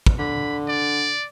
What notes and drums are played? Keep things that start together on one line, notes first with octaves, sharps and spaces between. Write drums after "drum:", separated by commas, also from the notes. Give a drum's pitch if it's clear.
drum: kick
D3 B5
D5